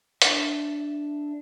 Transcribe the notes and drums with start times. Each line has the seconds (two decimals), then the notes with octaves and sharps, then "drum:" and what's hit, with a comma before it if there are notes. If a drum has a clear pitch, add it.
0.22 D4 E5, drum: hi-hat